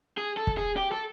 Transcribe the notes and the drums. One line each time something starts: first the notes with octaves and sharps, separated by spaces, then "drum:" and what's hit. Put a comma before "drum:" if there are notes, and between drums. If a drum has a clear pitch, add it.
G#4
A4
drum: kick
G#4
G4
A4